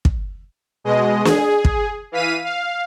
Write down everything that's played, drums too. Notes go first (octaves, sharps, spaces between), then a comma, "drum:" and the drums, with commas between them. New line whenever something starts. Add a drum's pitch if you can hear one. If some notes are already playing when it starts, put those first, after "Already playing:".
drum: kick
B2 G#3 D#5
G#4, drum: snare
drum: kick
E3 F5 B6 D#7
F5